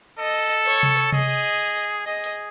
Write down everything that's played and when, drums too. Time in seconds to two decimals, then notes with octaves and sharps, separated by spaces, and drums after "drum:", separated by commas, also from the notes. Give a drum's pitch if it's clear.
0.18 A4 D#5
0.65 C#5
0.83 drum: tom C3
1.12 G#4 D#5, drum: tom C3
2.06 G#4 D#5
2.24 drum: hi-hat